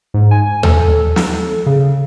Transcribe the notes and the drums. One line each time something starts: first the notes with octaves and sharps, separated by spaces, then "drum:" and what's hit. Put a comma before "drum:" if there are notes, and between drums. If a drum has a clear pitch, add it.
G#2
G#5
A4, drum: tom D#2
drum: snare
C#3